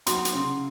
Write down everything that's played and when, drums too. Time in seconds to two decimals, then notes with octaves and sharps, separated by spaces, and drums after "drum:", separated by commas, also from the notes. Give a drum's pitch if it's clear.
0.07 F#3 C6, drum: hi-hat
0.25 drum: hi-hat
0.34 C#3